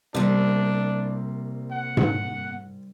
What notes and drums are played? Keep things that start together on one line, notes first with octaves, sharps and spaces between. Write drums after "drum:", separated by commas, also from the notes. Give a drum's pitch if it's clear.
C2 C3 A#3 D4
F#5
drum: tom G#2